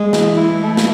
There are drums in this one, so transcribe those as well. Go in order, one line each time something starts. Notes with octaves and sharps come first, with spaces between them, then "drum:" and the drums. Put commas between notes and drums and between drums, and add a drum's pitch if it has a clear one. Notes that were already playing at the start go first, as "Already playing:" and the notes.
Already playing: G#3
E3, drum: snare
E4
A3
drum: snare